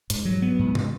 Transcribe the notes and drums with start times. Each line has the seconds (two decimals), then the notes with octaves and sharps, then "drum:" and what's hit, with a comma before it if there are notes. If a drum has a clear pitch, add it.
0.10 G#2, drum: hi-hat
0.25 F#3
0.42 B3
0.59 G#2
0.75 drum: tom